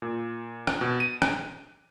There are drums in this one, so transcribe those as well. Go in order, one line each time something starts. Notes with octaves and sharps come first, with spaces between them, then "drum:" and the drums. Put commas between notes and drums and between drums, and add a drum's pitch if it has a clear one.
A#2
drum: rim click
B2
D#7
drum: rim click